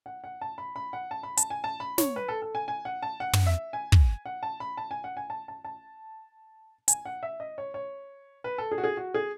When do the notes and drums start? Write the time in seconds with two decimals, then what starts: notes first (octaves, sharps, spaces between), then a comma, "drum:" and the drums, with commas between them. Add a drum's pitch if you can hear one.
0.06 F#5
0.24 F#5
0.41 A5
0.58 B5
0.76 B5
0.93 F#5
1.11 A5
1.23 B5
1.37 A5, drum: hi-hat
1.50 G#5
1.64 A5
1.80 B5
1.98 C#5, drum: snare
2.16 B4
2.28 A4
2.42 A4
2.55 G#5
2.68 G#5
2.85 F#5
3.02 A5
3.20 F#5
3.33 drum: tom
3.46 E5
3.73 G#5
3.92 drum: kick
4.26 F#5
4.43 A5
4.60 B5
4.77 A5
4.91 G#5
5.04 F#5
5.17 G#5
5.30 A5
5.48 A5
5.65 A5
6.88 G#5, drum: hi-hat
7.06 F#5
7.23 E5
7.40 D#5
7.58 C#5
7.74 C#5
8.44 B4
8.58 A4
8.72 G#4
8.78 F#4
8.84 G#4
8.97 F#4
9.14 G#4